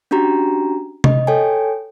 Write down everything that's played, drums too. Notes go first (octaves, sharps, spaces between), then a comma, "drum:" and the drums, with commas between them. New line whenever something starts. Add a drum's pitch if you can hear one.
C#4 D4 F#4 G4 A#5
D#5, drum: tom C3
A4 C#5 G5 G#5